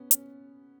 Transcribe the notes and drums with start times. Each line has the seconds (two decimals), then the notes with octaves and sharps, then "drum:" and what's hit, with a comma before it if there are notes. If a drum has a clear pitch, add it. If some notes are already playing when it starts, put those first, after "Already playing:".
Already playing: B3 C#4
0.11 C#4, drum: hi-hat